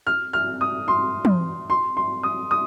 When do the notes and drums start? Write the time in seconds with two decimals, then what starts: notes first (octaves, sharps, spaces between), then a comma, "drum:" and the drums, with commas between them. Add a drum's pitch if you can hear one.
0.07 F6
0.33 F6
0.61 D#6
0.88 C6
1.25 drum: tom
1.70 C6
1.97 C6
2.23 D#6
2.51 D#6